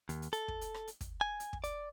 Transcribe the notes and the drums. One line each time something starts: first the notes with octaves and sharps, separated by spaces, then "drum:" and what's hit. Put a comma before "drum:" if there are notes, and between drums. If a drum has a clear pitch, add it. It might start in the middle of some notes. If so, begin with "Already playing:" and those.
D#2, drum: hi-hat
drum: hi-hat
A4, drum: hi-hat
drum: kick
drum: hi-hat
drum: rim click
drum: hi-hat
drum: kick, hi-hat
G#5
drum: hi-hat
drum: kick
D5, drum: hi-hat